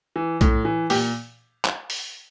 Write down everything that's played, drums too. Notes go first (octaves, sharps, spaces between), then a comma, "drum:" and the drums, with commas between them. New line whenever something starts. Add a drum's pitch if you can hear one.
E3
A2, drum: kick B1, hi-hat
E3
A#2 G4, drum: open hi-hat
drum: clap
drum: open hi-hat